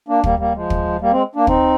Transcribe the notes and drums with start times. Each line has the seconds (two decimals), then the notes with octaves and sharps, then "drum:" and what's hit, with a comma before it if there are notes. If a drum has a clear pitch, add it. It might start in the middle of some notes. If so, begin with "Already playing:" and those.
0.09 A#3 D4
0.24 G3 A#3, drum: kick
0.39 G3 A#3
0.55 F3 G#3
0.70 drum: kick
1.01 G3 A#3
1.12 G#3 C4
1.35 A#3 D4
1.47 C4 D#4, drum: kick